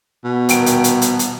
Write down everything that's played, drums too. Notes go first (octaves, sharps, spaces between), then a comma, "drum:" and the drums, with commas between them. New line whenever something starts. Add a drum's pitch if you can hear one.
B2
D#1 G5 D7, drum: hi-hat
drum: hi-hat
drum: hi-hat
drum: hi-hat
drum: hi-hat